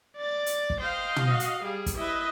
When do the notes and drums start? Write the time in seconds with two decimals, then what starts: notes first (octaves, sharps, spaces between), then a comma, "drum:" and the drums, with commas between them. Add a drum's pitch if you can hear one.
0.17 D5 A6
0.46 drum: hi-hat
0.70 drum: kick
0.80 C5 D#5 F5 G5
1.16 drum: tom
1.30 F#4
1.40 drum: hi-hat
1.63 G3 G#4
1.86 drum: kick, hi-hat
1.97 E4 B4 D#5 E5